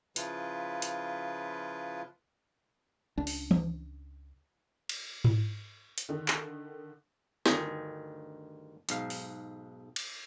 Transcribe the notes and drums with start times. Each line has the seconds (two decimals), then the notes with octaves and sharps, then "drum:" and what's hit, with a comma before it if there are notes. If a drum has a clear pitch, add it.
0.16 C#3 F3 E4 F4 B4, drum: hi-hat
0.82 drum: hi-hat
3.18 C#2 D4
3.27 drum: open hi-hat
3.51 drum: tom E3
4.89 drum: cymbal
5.24 drum: tom G#2
5.98 drum: hi-hat
6.09 D3 D#3
6.28 drum: clap
7.46 D2 G2 D#3 D#5 G5 G#5, drum: snare
8.89 B1 G#2 F5, drum: hi-hat
9.10 drum: open hi-hat
9.96 drum: cymbal